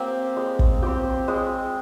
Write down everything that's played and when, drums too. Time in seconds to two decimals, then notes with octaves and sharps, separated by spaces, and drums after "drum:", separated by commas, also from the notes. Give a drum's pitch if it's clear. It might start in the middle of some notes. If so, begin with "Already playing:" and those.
Already playing: A#3 C4 G4
0.37 G#3
0.59 drum: kick
0.82 C4 G4
1.28 G#3